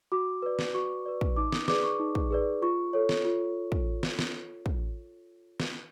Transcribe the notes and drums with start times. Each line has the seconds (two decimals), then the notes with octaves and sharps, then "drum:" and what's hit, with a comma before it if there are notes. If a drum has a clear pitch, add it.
0.12 F#4 D6
0.42 B4 D5
0.59 drum: snare
0.74 F#4 C#6
1.06 B4 D5
1.21 drum: kick
1.36 D#4 D6
1.52 D#6, drum: snare
1.68 G#4 B4 D5 D6, drum: snare
1.84 C#6
2.00 D#4
2.15 drum: kick
2.31 G#4 B4 D5
2.62 F4 C#6
2.93 A4 C#5
3.09 drum: snare
3.24 F4
3.72 drum: kick
4.03 drum: snare
4.19 drum: snare
4.66 drum: kick
5.60 drum: snare